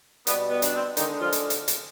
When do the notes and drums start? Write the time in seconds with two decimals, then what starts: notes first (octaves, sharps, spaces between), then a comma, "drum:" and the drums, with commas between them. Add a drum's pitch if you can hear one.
0.27 B2 G3 B3, drum: hi-hat
0.50 B3
0.62 D4, drum: hi-hat
0.75 C4
0.97 D3 D#3 G#3 D#4, drum: hi-hat
1.21 F3 F4
1.32 drum: hi-hat
1.50 drum: hi-hat
1.68 drum: hi-hat